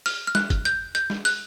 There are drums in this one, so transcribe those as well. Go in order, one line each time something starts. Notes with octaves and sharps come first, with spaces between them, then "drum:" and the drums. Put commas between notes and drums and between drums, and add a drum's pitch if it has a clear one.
F6, drum: open hi-hat
F6
F#6, drum: snare
drum: kick F#1, hi-hat
G6, drum: hi-hat
G6, drum: hi-hat
drum: snare
F#6, drum: open hi-hat